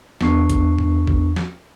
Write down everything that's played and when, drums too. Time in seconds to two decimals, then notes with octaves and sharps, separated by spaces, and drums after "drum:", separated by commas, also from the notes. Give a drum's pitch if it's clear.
0.21 E2 B3 D4 C#6 C7, drum: snare
0.50 drum: kick, hi-hat
0.78 drum: tom G2
1.07 drum: kick
1.36 drum: snare